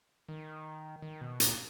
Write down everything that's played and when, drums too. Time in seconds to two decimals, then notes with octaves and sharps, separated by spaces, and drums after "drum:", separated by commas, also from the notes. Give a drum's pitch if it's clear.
0.29 D#3
1.02 D#3
1.21 B2
1.40 A#2, drum: hi-hat